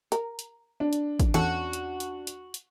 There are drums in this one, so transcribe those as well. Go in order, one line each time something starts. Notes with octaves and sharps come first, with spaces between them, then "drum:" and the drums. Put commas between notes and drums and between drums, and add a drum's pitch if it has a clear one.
A#4, drum: hi-hat
drum: hi-hat
D4
drum: hi-hat
drum: kick, hi-hat
E2 C#4 F#4 A4
drum: hi-hat
drum: hi-hat
drum: hi-hat
drum: hi-hat